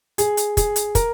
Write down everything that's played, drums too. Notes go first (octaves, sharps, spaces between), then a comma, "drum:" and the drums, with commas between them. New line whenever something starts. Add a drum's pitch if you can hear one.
G#4, drum: hi-hat
drum: hi-hat
G#4, drum: kick, hi-hat
drum: hi-hat
A#4, drum: kick, hi-hat